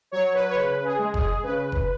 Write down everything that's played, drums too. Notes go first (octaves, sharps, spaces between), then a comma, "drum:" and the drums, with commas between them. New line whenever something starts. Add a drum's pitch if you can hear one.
F#3 C#5
B4
C#5
C#3 B4
G#4
G#3
G#4, drum: kick F#1
C#3 B4
drum: kick F#1